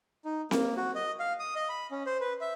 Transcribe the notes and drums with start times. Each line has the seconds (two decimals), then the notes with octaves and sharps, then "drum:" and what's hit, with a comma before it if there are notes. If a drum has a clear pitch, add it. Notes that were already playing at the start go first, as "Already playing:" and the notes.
0.25 D#4
0.51 A#3, drum: snare C4
0.77 F#4
0.96 D#5
1.20 F5
1.39 D#6
1.56 D#5
1.69 B5
1.91 C#4
2.06 C5
2.20 B4
2.41 E5